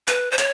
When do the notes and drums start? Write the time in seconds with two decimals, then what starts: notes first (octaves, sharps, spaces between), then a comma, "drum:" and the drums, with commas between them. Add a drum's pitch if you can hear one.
0.08 B4, drum: hi-hat
0.31 C5
0.38 C#5, drum: hi-hat